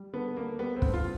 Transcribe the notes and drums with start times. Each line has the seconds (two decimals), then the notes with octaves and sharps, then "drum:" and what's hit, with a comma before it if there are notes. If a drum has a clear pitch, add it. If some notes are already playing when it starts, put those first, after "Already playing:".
Already playing: G3
0.13 D3 B3
0.37 D3 A#3
0.59 G3 B3
0.76 C4
0.82 D3, drum: kick
0.94 F4